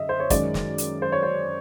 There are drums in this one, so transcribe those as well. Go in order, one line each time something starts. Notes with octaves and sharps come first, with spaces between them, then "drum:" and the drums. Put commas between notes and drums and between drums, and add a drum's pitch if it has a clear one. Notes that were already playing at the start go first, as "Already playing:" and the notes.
Already playing: F#2 D3 D#5 E5
C5
C#5
F#2 D#3 G#3 D5, drum: kick, hi-hat
drum: snare
drum: hi-hat
C5
C#5
C5